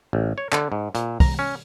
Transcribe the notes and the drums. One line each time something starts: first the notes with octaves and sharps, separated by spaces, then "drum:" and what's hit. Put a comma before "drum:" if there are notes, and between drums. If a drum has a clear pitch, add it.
A1
C#5
D3, drum: clap
G#2
A#2, drum: hi-hat
A#5, drum: kick, open hi-hat
C#4